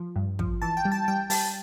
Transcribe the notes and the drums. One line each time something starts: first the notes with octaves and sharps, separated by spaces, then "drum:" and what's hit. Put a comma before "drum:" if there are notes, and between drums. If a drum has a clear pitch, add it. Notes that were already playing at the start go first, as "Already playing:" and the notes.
Already playing: F3
G2
F3, drum: kick
E3 A5
G5
G3
A5
G3 G5
G3 A5, drum: open hi-hat